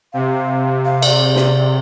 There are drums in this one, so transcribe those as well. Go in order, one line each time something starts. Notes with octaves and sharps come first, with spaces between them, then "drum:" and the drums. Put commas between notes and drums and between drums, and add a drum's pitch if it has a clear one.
C3 F5
C3
F5
D5, drum: cymbal
drum: snare